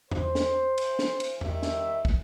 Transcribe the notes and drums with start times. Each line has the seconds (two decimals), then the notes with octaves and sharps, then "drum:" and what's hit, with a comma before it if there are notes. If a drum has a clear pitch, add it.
0.11 C5, drum: tom E2
0.35 drum: snare
0.78 drum: cymbal
0.99 drum: snare
1.20 drum: cymbal
1.41 D#3 G3 E5, drum: tom E2
1.62 drum: snare
2.05 drum: kick